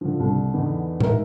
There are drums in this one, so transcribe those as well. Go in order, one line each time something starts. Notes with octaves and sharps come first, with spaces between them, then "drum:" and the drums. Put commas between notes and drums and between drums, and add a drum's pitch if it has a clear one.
D3 F3
C2 D3
E2 D3 B3 D#4
G#2 D#4 A#4 E5, drum: tom A2